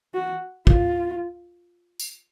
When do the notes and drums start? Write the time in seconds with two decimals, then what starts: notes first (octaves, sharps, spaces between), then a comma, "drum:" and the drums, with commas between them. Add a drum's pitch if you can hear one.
0.14 F#4
0.67 F4, drum: kick
1.99 drum: tambourine